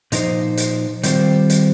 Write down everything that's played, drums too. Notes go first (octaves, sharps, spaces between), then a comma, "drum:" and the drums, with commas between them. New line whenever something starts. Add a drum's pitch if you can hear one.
A#2 F3 D#4 C5, drum: hi-hat
drum: hi-hat
D#3 G3 C4 F4 C5, drum: hi-hat
drum: hi-hat